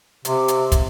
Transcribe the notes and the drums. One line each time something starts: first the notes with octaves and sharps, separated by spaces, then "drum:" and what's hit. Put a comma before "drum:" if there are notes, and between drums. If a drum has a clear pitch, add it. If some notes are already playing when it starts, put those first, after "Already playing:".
C3, drum: hi-hat
drum: hi-hat
drum: kick, hi-hat